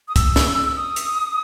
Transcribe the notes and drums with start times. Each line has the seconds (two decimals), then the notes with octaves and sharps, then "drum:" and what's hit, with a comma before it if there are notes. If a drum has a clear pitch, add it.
0.08 D#6
0.16 E6, drum: kick, hi-hat
0.36 drum: snare
0.64 E6
0.76 D#6
0.96 drum: hi-hat